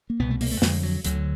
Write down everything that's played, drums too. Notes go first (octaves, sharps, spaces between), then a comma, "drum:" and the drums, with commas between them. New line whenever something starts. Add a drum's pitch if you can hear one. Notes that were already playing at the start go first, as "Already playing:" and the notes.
A#3
C2 B2 B3
A3
A#3, drum: open hi-hat
A3
F2 D3 G#3, drum: snare
F#3
D2 D3 F#3, drum: hi-hat